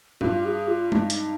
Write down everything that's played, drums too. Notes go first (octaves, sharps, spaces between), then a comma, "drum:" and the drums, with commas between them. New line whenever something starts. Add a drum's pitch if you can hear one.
G2 F4, drum: tom A2
G#4
F4
G2 D#4, drum: tom G#3
drum: hi-hat